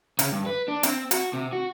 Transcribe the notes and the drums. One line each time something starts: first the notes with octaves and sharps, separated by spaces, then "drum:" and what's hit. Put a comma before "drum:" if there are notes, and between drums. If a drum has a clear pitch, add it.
C#3, drum: hi-hat
G2
B4
D4
C4, drum: hi-hat
F#4, drum: hi-hat
C3
F#4